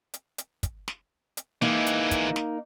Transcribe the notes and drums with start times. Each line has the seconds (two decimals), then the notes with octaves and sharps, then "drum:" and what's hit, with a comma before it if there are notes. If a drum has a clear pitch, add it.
0.14 drum: hi-hat
0.38 drum: hi-hat
0.63 drum: kick, hi-hat
0.88 drum: snare
1.37 drum: hi-hat
1.62 E3 G#3 A#3 D#4
1.86 drum: hi-hat
2.11 drum: kick, hi-hat
2.36 drum: snare